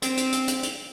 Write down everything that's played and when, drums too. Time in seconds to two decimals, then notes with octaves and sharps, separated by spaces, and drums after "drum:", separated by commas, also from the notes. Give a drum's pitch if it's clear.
0.02 C4, drum: hi-hat
0.17 drum: hi-hat
0.32 drum: hi-hat
0.48 drum: hi-hat
0.63 drum: hi-hat